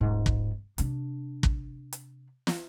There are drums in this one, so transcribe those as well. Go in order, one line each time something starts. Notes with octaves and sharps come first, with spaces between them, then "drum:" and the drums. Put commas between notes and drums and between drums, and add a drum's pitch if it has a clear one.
D#1 G#2
drum: kick
C3 D4, drum: hi-hat
drum: kick
drum: hi-hat
drum: snare